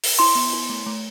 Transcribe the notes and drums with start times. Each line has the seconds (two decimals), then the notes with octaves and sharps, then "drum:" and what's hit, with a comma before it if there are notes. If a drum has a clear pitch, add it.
0.04 drum: open hi-hat
0.19 E4 C6
0.35 B3
0.53 E4
0.69 A3
0.86 A3